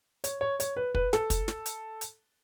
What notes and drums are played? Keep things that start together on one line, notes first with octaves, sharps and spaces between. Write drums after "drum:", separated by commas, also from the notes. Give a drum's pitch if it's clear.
C#5, drum: hi-hat
C#5
C#5, drum: hi-hat
B4
B4, drum: kick
A4, drum: snare
drum: kick, hi-hat
drum: snare
drum: hi-hat
drum: hi-hat